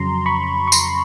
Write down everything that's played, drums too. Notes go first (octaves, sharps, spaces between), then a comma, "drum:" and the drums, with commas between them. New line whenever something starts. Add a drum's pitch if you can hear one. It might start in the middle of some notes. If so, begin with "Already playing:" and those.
Already playing: F2 C#3 F#3 A#5 C6
B5 C#6
C#6
A#5 C6, drum: tambourine